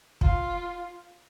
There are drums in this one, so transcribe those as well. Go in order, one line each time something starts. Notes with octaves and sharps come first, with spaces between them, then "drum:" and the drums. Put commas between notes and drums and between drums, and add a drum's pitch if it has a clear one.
F4, drum: kick